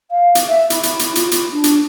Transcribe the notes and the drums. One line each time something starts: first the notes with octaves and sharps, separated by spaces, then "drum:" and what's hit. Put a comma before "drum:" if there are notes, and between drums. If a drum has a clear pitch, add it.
F5
drum: hi-hat
E5
E4, drum: hi-hat
drum: hi-hat
drum: hi-hat
F4, drum: hi-hat
drum: hi-hat
D4
drum: hi-hat